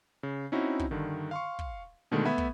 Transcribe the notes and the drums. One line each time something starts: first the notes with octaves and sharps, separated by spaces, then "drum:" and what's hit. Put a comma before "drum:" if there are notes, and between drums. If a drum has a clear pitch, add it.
C#3
C4 C#4 D#4 E4 F#4
drum: kick
G2 D3 D#3
F5 C6 C#6
drum: kick
B2 D3 D#3 G#3 A3
A3 B3 E5 B5 G#6
drum: kick